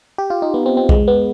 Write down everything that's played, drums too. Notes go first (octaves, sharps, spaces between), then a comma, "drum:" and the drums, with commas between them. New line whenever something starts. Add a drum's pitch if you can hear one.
G4
F4
D#4
B3
C4
C4
G#3, drum: kick B1
B3